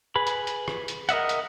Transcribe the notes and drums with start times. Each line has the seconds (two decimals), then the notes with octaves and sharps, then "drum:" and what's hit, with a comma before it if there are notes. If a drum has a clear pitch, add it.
0.16 G#4 B4 B5
0.27 drum: hi-hat
0.47 drum: hi-hat
0.68 drum: rim click
0.88 drum: hi-hat
1.09 A#4 D#5 E5 F#5, drum: hi-hat
1.29 drum: hi-hat